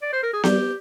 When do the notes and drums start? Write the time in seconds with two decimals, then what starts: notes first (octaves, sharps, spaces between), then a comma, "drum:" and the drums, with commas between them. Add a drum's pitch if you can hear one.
0.02 D5
0.13 C5
0.23 A#4
0.33 G#4
0.44 G3 G4, drum: snare B3